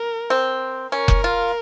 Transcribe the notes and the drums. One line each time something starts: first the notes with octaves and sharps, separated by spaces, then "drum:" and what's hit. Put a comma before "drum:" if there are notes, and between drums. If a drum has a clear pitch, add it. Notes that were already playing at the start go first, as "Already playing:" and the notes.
Already playing: A#4
C4
C#4 A#4
drum: kick F1
F4